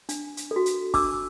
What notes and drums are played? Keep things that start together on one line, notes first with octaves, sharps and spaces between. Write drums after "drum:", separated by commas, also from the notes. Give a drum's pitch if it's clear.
D4, drum: hi-hat
drum: hi-hat
A4
F#4
drum: hi-hat
D4 D6 E6, drum: kick, open hi-hat